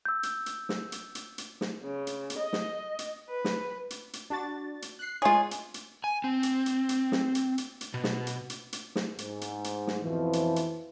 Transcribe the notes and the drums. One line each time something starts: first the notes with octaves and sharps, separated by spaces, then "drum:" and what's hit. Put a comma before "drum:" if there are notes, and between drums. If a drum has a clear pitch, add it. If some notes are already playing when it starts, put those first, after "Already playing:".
E6 G6
drum: hi-hat
drum: hi-hat
drum: snare
drum: hi-hat
drum: hi-hat
drum: hi-hat
drum: snare
C#3
drum: hi-hat
drum: hi-hat
D#5
drum: snare
drum: hi-hat
B4
drum: snare
drum: hi-hat
drum: hi-hat
D4 F#4 A6
drum: hi-hat
F#6 C7
G#3 F4 G#4 C#5
drum: hi-hat
drum: hi-hat
G#5
C4
drum: hi-hat
drum: hi-hat
drum: hi-hat
drum: snare
drum: hi-hat
drum: hi-hat
drum: hi-hat
B2
drum: snare
drum: hi-hat
drum: hi-hat
drum: hi-hat
drum: snare
G#2, drum: hi-hat
drum: hi-hat
drum: hi-hat
drum: snare
F2 B2 E3 F3
drum: hi-hat
drum: hi-hat